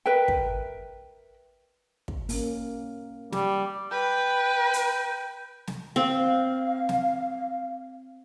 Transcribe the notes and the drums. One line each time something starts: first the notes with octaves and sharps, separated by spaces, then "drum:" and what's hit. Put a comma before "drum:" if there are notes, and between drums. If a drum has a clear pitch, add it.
A#4 B4 E5 G5
drum: kick
drum: kick
A#3 C#4, drum: open hi-hat
G3 G4, drum: snare
B4 G5
drum: hi-hat
drum: snare
C4 F5
drum: snare